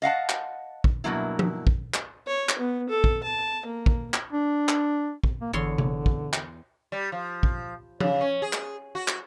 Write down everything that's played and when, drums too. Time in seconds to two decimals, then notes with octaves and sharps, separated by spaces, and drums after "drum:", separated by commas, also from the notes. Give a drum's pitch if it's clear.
0.02 D#5 F5 F#5 A5
0.29 drum: clap
0.84 drum: kick
1.04 G2 B2 F#3 A#3 E4
1.39 drum: tom F3
1.67 drum: kick
1.94 drum: clap
2.27 C#5
2.49 drum: clap
2.59 B3
2.89 A4
3.04 drum: kick
3.23 A5
3.66 A#3
3.86 drum: kick
4.14 drum: clap
4.32 D4
4.69 drum: clap
5.24 drum: kick
5.41 A#3
5.53 G#1 E2 D3 C#5 C6
5.78 drum: tom C3
6.06 drum: kick
6.33 drum: clap
6.92 G3
7.12 F3
7.43 drum: kick
8.00 C#3, drum: tom F3
8.21 C#4
8.42 G#4
8.53 drum: clap
8.95 F#4
9.08 drum: clap